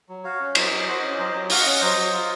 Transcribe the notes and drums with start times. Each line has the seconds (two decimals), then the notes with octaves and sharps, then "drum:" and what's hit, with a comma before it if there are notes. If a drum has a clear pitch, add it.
0.09 F#3
0.24 F#4 C#5 F5
0.40 C#4
0.55 F#3 C5 D#5, drum: cymbal
0.72 F#3
0.87 F#4 C5 D#5
1.03 C#4
1.18 F#3 C5 D#5
1.34 F#3
1.50 F#4 F5, drum: open hi-hat
1.60 D#5 F#5
1.66 C#4
1.81 F#3 C5 D#5
1.97 F#3
2.13 F4